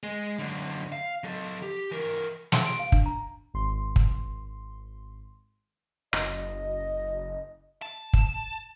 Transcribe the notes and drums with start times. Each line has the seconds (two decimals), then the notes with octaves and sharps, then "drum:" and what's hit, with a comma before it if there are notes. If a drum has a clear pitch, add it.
0.03 G#3
0.39 F#2 D3
0.92 F5
1.24 F#3 A4
1.62 G4
1.91 E3 A#4
2.52 C6, drum: snare
2.66 D7
2.79 F5
2.92 D4, drum: kick
3.06 A#5
3.54 G#1 C6
3.96 drum: kick
6.13 F#1 D#5, drum: rim click
7.82 A5
8.13 drum: kick